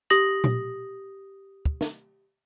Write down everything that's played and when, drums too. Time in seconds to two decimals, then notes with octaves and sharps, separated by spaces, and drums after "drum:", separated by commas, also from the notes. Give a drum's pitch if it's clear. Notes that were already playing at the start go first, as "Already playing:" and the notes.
0.10 G4 D#6 A#6 F#7, drum: hi-hat
0.44 drum: tom A#2
1.65 drum: kick
1.81 drum: snare